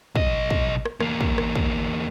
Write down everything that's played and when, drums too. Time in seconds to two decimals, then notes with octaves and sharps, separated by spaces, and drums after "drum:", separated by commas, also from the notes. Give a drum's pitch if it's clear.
0.15 B1 D#5, drum: kick
0.50 drum: kick
0.85 drum: rim click
1.00 E2 A#3, drum: rim click
1.20 drum: kick
1.38 drum: rim click
1.55 drum: kick